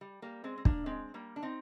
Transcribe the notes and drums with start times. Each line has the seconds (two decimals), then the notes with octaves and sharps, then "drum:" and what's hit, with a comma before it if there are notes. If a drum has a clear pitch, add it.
0.01 G3
0.22 G3 A#3
0.44 G#3 C4
0.58 C4
0.65 A#3 D4, drum: kick
0.86 G#3 C4
1.14 G3 A#3
1.36 D4
1.43 C4 D#4